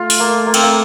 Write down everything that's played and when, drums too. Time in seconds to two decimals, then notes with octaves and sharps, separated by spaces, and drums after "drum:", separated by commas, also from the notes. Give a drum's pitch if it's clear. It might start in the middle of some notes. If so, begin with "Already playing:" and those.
Already playing: A3 F4
0.10 drum: open hi-hat
0.20 A#3
0.46 A#3
0.54 C4, drum: cymbal
0.63 A#3